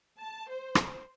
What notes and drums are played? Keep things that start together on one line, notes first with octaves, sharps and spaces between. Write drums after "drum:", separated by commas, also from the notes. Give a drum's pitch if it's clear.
A5
C5
drum: rim click